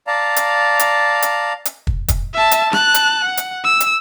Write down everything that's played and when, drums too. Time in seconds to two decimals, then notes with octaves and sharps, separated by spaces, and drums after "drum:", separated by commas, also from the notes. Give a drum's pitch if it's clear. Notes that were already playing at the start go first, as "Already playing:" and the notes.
0.07 D5 F5 A5 A#5
0.36 drum: hi-hat
0.79 drum: hi-hat
1.22 drum: hi-hat
1.65 drum: hi-hat
1.87 drum: kick
2.08 drum: kick, hi-hat
2.35 E5 A5
2.51 drum: hi-hat
2.73 A5 F#6, drum: rim click
2.94 drum: hi-hat
3.25 F#5
3.37 drum: hi-hat
3.64 E6
3.80 drum: hi-hat